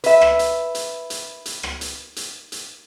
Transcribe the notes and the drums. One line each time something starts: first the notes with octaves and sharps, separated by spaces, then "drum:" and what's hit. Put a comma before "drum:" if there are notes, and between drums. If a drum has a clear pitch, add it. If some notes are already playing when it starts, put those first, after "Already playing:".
B4 E5, drum: hi-hat
drum: rim click
drum: hi-hat
drum: hi-hat
drum: hi-hat
drum: hi-hat
drum: rim click
drum: hi-hat
drum: hi-hat
drum: hi-hat